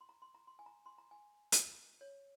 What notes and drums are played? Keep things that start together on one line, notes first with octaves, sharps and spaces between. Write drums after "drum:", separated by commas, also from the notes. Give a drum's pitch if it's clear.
C6
A#5
C6
A#5
C6
G#5
A#5
C6
A#5
G#5
drum: hi-hat
C#5